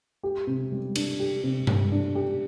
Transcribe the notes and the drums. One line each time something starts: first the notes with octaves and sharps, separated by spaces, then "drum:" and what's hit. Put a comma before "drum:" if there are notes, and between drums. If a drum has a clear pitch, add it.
G4
C3
G3
D4, drum: cymbal
G4
C3
G3, drum: tom G2
D4
G4